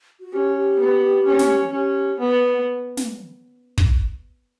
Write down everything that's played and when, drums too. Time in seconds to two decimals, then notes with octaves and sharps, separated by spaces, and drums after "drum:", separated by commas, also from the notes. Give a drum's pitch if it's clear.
0.20 F#4
0.33 C#4 G4
0.56 G4
0.79 B3
1.25 C#4
1.39 drum: snare
1.72 C#4 G4
2.19 B3 F#5
2.97 drum: snare
3.78 drum: kick